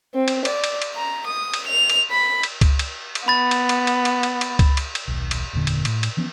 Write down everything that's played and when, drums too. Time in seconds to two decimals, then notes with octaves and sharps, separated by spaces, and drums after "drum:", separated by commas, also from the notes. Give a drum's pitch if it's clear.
0.14 C4
0.28 drum: cymbal
0.45 D5, drum: cymbal
0.64 drum: cymbal
0.82 drum: cymbal
0.95 A#5
1.27 D#6
1.54 drum: cymbal
1.67 F7
1.89 drum: cymbal
2.11 B5
2.43 drum: cymbal
2.61 drum: kick C#2, cymbal
2.79 drum: cymbal
3.15 drum: cymbal
3.28 B3 B5 A6
3.51 drum: cymbal
3.69 drum: cymbal
3.87 drum: cymbal
4.05 drum: cymbal
4.23 drum: cymbal
4.41 drum: cymbal
4.59 drum: kick C#2, cymbal
4.77 drum: cymbal
4.95 drum: cymbal
5.08 D#1 B1
5.31 drum: cymbal
5.53 F#1 E2 A#2 D3
5.67 drum: cymbal
5.85 A2, drum: cymbal
6.03 drum: cymbal
6.17 E3 F3 B3 C#4